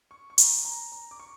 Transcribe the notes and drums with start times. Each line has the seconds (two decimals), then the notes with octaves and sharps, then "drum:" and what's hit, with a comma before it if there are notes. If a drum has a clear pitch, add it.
0.11 C#6
0.30 C#6
0.38 A#5, drum: hi-hat
0.65 A#5
0.92 A#5
1.11 D6
1.20 C#6